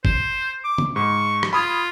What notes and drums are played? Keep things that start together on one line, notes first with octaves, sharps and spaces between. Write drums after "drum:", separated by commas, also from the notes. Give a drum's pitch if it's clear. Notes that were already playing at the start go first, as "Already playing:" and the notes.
C5, drum: kick G1
D6
drum: tom
G#2 C#6
drum: rim click
F4 B5 D#6 G#6